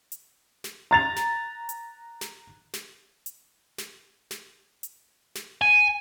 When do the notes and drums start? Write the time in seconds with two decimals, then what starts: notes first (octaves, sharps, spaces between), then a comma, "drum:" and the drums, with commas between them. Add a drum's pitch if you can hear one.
0.12 drum: hi-hat
0.64 drum: snare
0.91 A#5 A6 F7
1.16 drum: snare
1.69 drum: hi-hat
2.21 drum: snare
2.74 drum: snare
3.26 drum: hi-hat
3.78 drum: snare
4.31 drum: snare
4.83 drum: hi-hat
5.35 drum: snare
5.62 G#5